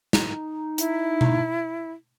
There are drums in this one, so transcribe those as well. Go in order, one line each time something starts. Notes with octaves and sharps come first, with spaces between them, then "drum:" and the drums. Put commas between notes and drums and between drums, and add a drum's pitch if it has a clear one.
D#4, drum: snare
E4, drum: hi-hat
drum: tom B2